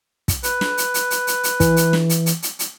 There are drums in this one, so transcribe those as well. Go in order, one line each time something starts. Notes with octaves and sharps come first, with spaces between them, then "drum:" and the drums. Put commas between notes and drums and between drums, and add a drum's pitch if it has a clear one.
drum: kick, hi-hat
B4, drum: hi-hat
drum: snare
drum: hi-hat
drum: hi-hat
drum: hi-hat
drum: hi-hat
drum: hi-hat
E3, drum: kick, hi-hat
drum: hi-hat
drum: snare
drum: hi-hat
drum: hi-hat
drum: hi-hat
drum: hi-hat